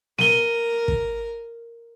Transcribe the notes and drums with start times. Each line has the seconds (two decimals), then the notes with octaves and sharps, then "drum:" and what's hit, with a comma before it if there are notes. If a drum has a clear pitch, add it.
0.18 A#4 D#7 G7, drum: snare
0.88 drum: kick